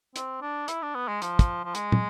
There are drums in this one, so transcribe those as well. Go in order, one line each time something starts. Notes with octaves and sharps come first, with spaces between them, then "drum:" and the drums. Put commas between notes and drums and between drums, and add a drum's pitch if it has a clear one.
C4, drum: hi-hat
D4
E4, drum: hi-hat
D4
B3
G#3
F3, drum: hi-hat
drum: kick, hi-hat
F3
G#3, drum: hi-hat
drum: tom